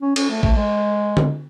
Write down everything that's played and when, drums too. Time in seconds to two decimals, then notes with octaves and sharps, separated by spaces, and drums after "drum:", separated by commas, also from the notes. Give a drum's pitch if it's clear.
0.02 C#4
0.16 C#4, drum: cymbal
0.30 A3
0.43 A3, drum: kick A1
0.57 G#3
1.17 drum: tom D3